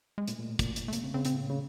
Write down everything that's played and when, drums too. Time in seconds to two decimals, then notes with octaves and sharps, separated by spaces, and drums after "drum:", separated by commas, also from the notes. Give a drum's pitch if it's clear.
0.18 G#3
0.28 A#2 A3, drum: hi-hat
0.39 A#2
0.49 A2
0.59 A#2, drum: kick, hi-hat
0.76 drum: hi-hat
0.88 A3
0.93 C3 A#3, drum: hi-hat
1.03 C#3 C4
1.14 C#3 C4
1.25 A#2 C4, drum: hi-hat
1.34 A2 B3
1.47 C#3 A#3